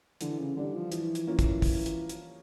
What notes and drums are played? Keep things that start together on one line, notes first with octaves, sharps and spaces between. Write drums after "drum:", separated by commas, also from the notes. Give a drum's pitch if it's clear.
D3 E3, drum: hi-hat
C#3
D3 G3 D4
F3
E3 F3, drum: hi-hat
drum: hi-hat
A#3 C#4 F4
drum: kick, hi-hat
drum: kick, open hi-hat
drum: hi-hat
drum: hi-hat